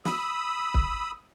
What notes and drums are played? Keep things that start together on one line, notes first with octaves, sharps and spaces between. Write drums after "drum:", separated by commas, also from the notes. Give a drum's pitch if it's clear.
B5 D#6 E6, drum: snare
drum: kick